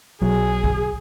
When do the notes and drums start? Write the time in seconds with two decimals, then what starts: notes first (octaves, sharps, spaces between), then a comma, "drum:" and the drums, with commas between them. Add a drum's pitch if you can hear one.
0.22 B1 F#3 G#4
0.64 drum: kick B1